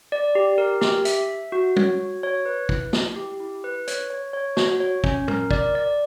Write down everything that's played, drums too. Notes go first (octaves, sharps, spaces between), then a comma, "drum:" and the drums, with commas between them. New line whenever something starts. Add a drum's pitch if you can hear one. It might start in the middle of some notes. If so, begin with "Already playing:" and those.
D5
G4
A#4
G4, drum: snare
E5, drum: hi-hat
E5
F#4
C#5, drum: tom G3
F#4
C#5
B4
E4, drum: kick
E4, drum: snare
G4
E4
B4
C#5, drum: hi-hat
C#5
C#5
F#4, drum: snare
C#5
C#4, drum: kick
A#4, drum: tom
D5, drum: kick
D5